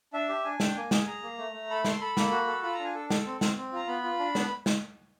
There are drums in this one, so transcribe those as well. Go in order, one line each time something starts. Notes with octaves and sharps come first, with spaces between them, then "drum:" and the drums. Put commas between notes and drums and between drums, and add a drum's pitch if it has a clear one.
D4 E5
G4
D4 G#5
D4 G5, drum: snare
A#3 G#5
G#4, drum: snare
G#4 A#5
A#3
A3
A3
A4 B5
A4 C6, drum: snare
A4 B5
A#3, drum: snare
F#4
A4
F4 B5
A#5
D4
G#5
A4
A4, drum: snare
C4
C4, drum: snare
C4
F4 A#5
B3 B5
F4
D4
B3, drum: snare
drum: snare